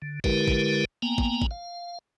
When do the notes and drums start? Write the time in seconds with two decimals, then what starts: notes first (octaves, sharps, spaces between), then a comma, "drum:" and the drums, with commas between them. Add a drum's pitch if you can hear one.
0.02 D3
0.24 D3 G#3 E4 G4 A#4 B4, drum: kick
0.48 drum: kick
1.02 A#3 B3 G5 G#5 A#5
1.18 drum: kick
1.42 drum: kick
1.51 F5